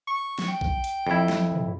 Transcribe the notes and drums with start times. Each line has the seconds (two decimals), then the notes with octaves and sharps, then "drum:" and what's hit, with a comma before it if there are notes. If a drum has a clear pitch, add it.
0.07 C#6
0.39 drum: snare
0.48 G5
0.61 drum: kick A#1
0.84 drum: hi-hat
1.07 F2 E4
1.29 drum: snare
1.52 drum: tom